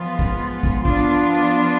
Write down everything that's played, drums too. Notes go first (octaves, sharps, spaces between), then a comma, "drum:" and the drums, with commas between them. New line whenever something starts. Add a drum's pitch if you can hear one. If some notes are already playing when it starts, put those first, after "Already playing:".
Already playing: F3 G#3 B3 F4
drum: kick
drum: kick
F3 B3 D4 F4, drum: kick